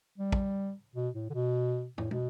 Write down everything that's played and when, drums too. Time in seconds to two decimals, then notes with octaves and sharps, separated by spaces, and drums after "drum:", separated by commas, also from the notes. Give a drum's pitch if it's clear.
0.18 G3
0.32 drum: kick
0.96 B2
1.14 A2
1.30 D3
1.34 B2
1.98 A2, drum: tom
2.11 B2, drum: tom